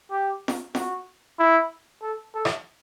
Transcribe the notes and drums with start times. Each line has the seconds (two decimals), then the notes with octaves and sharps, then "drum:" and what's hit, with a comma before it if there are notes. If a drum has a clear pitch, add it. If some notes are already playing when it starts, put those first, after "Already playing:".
0.11 G4
0.48 drum: snare
0.75 F#4, drum: snare
1.39 E4
2.02 A4
2.34 A4
2.45 drum: rim click